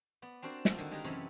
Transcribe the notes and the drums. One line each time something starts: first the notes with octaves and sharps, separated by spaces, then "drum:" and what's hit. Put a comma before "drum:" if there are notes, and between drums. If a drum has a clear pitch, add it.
B3 D5
C4 D4 F#4 A#4 C5 D5
drum: snare
D3 D#3 A#3 A4
G#3 D#4 G4 G#4 A#4 A#5
F#2 C3 E3 A4 C#5 D#5